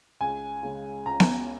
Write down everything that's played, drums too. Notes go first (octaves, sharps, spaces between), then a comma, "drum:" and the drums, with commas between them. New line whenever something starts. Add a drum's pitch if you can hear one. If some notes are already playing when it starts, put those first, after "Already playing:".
C#2 G#5
C#3 G#3
C#2 A#5
drum: snare B3